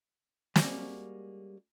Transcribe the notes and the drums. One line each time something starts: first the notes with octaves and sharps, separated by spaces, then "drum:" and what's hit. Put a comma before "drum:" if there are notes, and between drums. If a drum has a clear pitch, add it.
G3 G#3 A#3 C#4 F#4, drum: snare